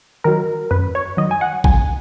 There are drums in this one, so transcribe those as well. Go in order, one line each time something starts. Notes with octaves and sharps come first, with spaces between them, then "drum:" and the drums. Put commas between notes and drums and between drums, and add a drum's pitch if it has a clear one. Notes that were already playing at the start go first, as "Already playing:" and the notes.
D#3 F#3 A#4
F#2 B4
C#5
D#3 F#3 D#5
G#5
F#5
F#2 G#5, drum: kick G#1